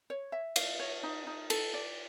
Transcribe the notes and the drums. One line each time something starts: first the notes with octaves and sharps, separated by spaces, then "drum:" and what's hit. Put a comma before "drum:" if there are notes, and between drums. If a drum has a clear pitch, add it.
C#5
E5
F5, drum: cymbal
C#5
D#4
D#4
A4, drum: cymbal
D5